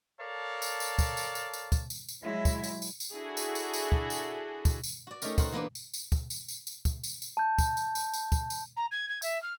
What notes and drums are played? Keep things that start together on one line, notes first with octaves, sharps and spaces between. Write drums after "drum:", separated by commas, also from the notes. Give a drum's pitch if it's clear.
A4 A#4 C#5 D5 F5 A5
drum: tambourine
drum: tambourine
drum: kick, tambourine
drum: tambourine
drum: tambourine
drum: tambourine
drum: kick, tambourine
drum: tambourine
drum: tambourine
F#3 G#3 E4
drum: kick, tambourine
drum: tambourine
drum: tambourine
drum: tambourine
D4 E4 F#4 G#4 A4
drum: tambourine
drum: tambourine
drum: tambourine
drum: kick
drum: tambourine
drum: kick, tambourine
drum: tambourine
F#4 D5
A3 C#4 D#4 G4 A#4, drum: tambourine
F#4 A#4 C5 F#5, drum: kick, tambourine
E3 A#3 B3 D4
drum: tambourine
drum: tambourine
drum: kick, tambourine
drum: tambourine
drum: tambourine
drum: tambourine
drum: kick, tambourine
drum: tambourine
drum: tambourine
A5 G6
drum: kick, tambourine
drum: tambourine
drum: tambourine
drum: tambourine
drum: kick, tambourine
drum: tambourine
A#5
G#6
G#6
E5, drum: tambourine
F6